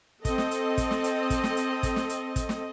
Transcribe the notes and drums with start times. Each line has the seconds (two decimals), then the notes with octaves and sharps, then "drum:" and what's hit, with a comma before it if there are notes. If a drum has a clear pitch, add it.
0.25 C4 A4 D#5, drum: kick, hi-hat
0.38 drum: snare
0.51 drum: hi-hat
0.78 drum: kick, hi-hat
0.91 drum: snare
1.04 drum: hi-hat
1.30 drum: kick, hi-hat
1.43 drum: snare
1.57 drum: hi-hat
1.83 drum: kick, hi-hat
1.96 drum: snare
2.09 drum: hi-hat
2.36 drum: kick, hi-hat
2.49 drum: snare